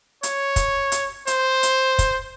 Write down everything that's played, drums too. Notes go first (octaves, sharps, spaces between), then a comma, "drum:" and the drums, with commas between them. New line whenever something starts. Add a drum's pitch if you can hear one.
C#5, drum: hi-hat
drum: kick, hi-hat
drum: hi-hat
C5, drum: hi-hat
drum: hi-hat
drum: kick, hi-hat